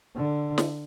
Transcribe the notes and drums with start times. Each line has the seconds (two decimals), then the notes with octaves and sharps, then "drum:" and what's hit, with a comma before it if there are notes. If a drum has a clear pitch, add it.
0.16 D3
0.58 drum: snare